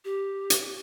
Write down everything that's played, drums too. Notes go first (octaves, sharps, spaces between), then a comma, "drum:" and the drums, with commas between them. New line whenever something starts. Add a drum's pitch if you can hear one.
G4
drum: hi-hat